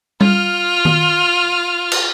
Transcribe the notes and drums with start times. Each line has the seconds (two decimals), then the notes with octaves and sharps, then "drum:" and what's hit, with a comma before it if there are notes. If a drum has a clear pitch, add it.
0.21 F4 F6, drum: tom G3
0.85 drum: tom D#3
1.92 drum: cymbal